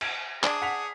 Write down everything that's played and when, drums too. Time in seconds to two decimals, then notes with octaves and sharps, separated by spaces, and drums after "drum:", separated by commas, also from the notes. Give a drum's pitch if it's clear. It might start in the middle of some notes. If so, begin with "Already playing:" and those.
0.01 G#6, drum: cymbal
0.43 D4 G#4, drum: clap
0.62 F#5 B6 F7